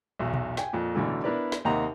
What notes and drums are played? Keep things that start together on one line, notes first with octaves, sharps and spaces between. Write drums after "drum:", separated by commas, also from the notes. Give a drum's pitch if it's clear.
B1 E2 F#4
drum: tom A#2
G5 G#5, drum: snare
F2 A#2
A1 B2 D3 E3 A3
B3 D4 E4 A#4 B4 D5
drum: snare
D#2 C3 A#3 D#4 F#5 A#5